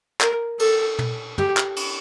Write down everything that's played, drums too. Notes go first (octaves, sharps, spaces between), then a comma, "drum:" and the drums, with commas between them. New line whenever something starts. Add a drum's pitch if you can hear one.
A#4, drum: clap
A4, drum: cymbal
drum: tom
G4, drum: tom
drum: clap
drum: cymbal